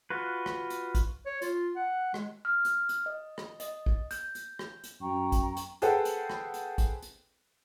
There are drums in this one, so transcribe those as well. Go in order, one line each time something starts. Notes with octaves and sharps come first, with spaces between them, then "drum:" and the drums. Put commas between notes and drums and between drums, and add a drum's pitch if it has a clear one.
F4 F#4 B4
drum: rim click
drum: hi-hat
drum: kick, hi-hat
C#5
F4, drum: hi-hat
F#5
G#3, drum: rim click
F6
drum: hi-hat
drum: hi-hat
D#5
drum: rim click
D#5, drum: hi-hat
drum: kick
G6, drum: hi-hat
drum: hi-hat
drum: rim click
drum: hi-hat
F#2 G5 A#5 C#6
drum: kick, hi-hat
drum: hi-hat
G#4 A4 B4 C5 F#5 G5, drum: hi-hat
drum: hi-hat
drum: rim click
drum: hi-hat
drum: kick, hi-hat
drum: hi-hat